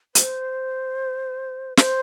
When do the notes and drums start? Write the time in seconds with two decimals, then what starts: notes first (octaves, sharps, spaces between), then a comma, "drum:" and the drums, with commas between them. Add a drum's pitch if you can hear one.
0.15 C5, drum: hi-hat
1.77 C5, drum: snare